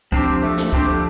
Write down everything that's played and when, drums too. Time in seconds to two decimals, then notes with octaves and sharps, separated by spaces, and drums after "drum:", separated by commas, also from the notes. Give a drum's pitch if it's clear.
0.12 F3 C4 D4 G4, drum: kick
0.43 A3
0.58 drum: snare
0.73 F3 C4 D4 G4, drum: kick
0.88 A3